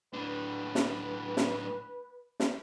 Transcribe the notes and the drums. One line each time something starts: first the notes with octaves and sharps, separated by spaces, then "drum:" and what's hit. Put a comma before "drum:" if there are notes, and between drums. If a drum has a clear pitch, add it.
A2 D4 B4
drum: snare
drum: snare
drum: snare